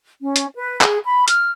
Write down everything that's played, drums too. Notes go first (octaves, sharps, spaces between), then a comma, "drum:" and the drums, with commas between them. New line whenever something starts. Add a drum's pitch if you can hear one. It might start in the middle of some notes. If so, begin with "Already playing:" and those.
C#4
drum: hi-hat
B4
G#4, drum: clap
B5
F6, drum: hi-hat